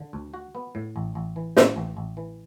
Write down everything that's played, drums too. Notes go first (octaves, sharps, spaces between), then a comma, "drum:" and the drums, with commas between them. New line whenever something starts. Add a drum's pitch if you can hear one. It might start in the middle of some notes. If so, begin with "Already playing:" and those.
Already playing: D3
D2
F#4
B3
A2
A1
A1
E3
A2, drum: snare
A1
A1
E3